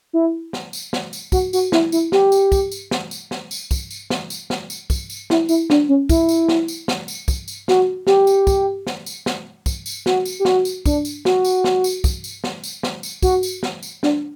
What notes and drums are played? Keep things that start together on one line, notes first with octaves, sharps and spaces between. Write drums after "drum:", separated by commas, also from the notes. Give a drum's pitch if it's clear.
E4
drum: snare
drum: tambourine
drum: snare
drum: tambourine
F#4, drum: kick, tambourine
F#4, drum: tambourine
E4, drum: snare
E4, drum: tambourine
G4, drum: snare
drum: tambourine
drum: kick, tambourine
drum: tambourine
drum: snare
drum: tambourine
drum: snare
drum: tambourine
drum: kick, tambourine
drum: tambourine
drum: snare
drum: tambourine
drum: snare
drum: tambourine
drum: kick, tambourine
drum: tambourine
E4, drum: snare
E4, drum: tambourine
D4, drum: snare
C#4
E4, drum: kick, tambourine
drum: tambourine
drum: snare
drum: tambourine
drum: snare
drum: tambourine
drum: kick, tambourine
drum: tambourine
F#4, drum: snare
G4, drum: snare
drum: tambourine
drum: kick, tambourine
drum: snare
drum: tambourine
drum: snare
drum: kick, tambourine
drum: tambourine
F#4, drum: snare
drum: tambourine
G4
F#4, drum: snare
drum: tambourine
D4, drum: kick, tambourine
drum: tambourine
F#4, drum: snare
drum: tambourine
drum: snare
drum: tambourine
drum: kick, tambourine
drum: tambourine
drum: snare
drum: tambourine
drum: snare
drum: tambourine
F#4, drum: kick, tambourine
drum: tambourine
drum: snare
drum: tambourine
D4, drum: snare